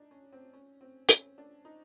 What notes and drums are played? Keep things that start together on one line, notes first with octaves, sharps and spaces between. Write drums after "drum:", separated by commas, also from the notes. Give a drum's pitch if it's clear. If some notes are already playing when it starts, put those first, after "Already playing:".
Already playing: D4 D#4
C#4
C4
C#4
C4
C#4, drum: hi-hat
D4
D#4